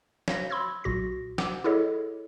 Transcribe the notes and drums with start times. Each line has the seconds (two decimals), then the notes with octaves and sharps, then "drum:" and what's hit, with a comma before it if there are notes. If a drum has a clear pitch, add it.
0.28 C#5 F5 A#6, drum: snare
0.50 B5 C6 E6 G#6
0.84 B1 A#2 F#4 A#6
1.38 F#5 D6, drum: snare
1.64 E4 G#4 A4 C#5 D#5